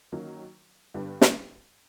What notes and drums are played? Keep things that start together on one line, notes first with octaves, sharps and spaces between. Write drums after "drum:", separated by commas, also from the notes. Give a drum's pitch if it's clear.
D#3 F#3 A#3 C#4
G2 D3 G3 B3
drum: snare